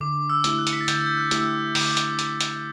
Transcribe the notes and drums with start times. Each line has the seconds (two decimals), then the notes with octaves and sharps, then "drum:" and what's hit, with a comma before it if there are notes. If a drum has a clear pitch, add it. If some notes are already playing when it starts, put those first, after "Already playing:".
0.01 D3 D6
0.30 E6
0.44 A3 E4 G4, drum: hi-hat
0.58 F#6
0.67 C#7, drum: hi-hat
0.73 B6
0.81 A6
0.88 D3 G6, drum: hi-hat
1.06 G6
1.17 F#6
1.31 A3 E4 G4, drum: hi-hat
1.37 E6
1.46 F#6
1.75 D3 D6, drum: open hi-hat
1.97 drum: hi-hat
2.19 drum: hi-hat
2.40 drum: hi-hat